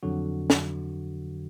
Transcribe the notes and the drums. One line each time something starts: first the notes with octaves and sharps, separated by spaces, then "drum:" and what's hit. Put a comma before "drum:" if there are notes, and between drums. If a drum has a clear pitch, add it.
F2 D3 F#3 F#4
drum: snare